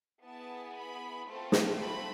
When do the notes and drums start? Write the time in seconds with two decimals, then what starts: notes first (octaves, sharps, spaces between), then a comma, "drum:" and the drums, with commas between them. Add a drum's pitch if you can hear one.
0.24 B3 E4 G#4 A5
0.76 B5
1.28 A3 C4 F4 A4
1.52 drum: snare
1.80 B5